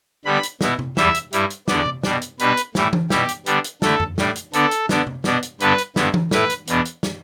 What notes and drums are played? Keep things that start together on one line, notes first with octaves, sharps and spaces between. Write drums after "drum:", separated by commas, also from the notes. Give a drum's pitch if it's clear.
D3 G3 B3 B5
drum: hi-hat
B2 B3 E4, drum: snare
drum: tom C3
E2 E3 G3 E5, drum: snare
drum: hi-hat
G2 G3 E4, drum: hi-hat
drum: hi-hat
E2 D3 B3 D5, drum: snare
drum: tom C3
B2 G3 D4, drum: snare
drum: hi-hat
B2 G3 D4 B4, drum: hi-hat
drum: hi-hat
A2 E3 G3 E4, drum: snare
drum: tom E3
B2 G3 E4 G4, drum: snare
drum: hi-hat
D3 G3 B3 D4, drum: hi-hat
drum: hi-hat
D3 A3 E4 A4, drum: snare
drum: tom F2
A2 G3 D4, drum: snare
drum: hi-hat
D3 B3 D4 A4, drum: hi-hat
drum: hi-hat
D3 B3 D4, drum: snare
drum: tom C3
B2 B3 D4, drum: snare
drum: hi-hat
G2 D3 B3 D4 B4, drum: hi-hat
drum: hi-hat
G2 D3 B3 E4, drum: snare
drum: tom E3
A2 A3 E4 B4, drum: snare
drum: hi-hat
E2 B2 B3 D4, drum: hi-hat
drum: hi-hat
drum: snare